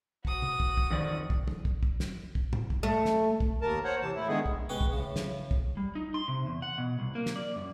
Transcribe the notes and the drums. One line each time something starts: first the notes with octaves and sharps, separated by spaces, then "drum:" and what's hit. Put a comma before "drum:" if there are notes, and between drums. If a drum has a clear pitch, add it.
F#4 D#6, drum: kick
drum: tom
drum: kick
drum: kick
F2 D#3 D5
drum: kick
drum: tom
drum: kick
drum: kick
drum: snare
drum: kick
drum: tom
drum: kick
A3
drum: snare
drum: kick
D#2 A#4 A5
C5 C#5 F#5
C3 E3 A5
A2 E4
D3 D#3 G#3 B3 G#4
drum: kick
B2 G#3 B3 C#4 F#5 G5
drum: kick
A2 C#3
drum: snare
drum: kick
G3
D#4
C6
C3
E2
F#5
B2
C2
A#3
drum: snare
D5
F#2